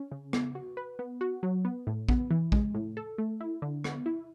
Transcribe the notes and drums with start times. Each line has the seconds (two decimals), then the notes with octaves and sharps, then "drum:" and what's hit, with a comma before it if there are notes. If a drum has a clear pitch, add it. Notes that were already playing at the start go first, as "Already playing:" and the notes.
Already playing: C#4
0.11 C#3
0.33 B3, drum: rim click
0.55 F#4
0.77 B4
0.99 B3
1.21 F#4
1.43 F#3
1.65 B3
1.87 A2
2.09 B3, drum: kick
2.31 E3
2.52 G#3, drum: kick
2.74 A2
2.97 A4
3.18 A3
3.41 E4
3.62 D3
3.84 B3, drum: rim click
4.06 E4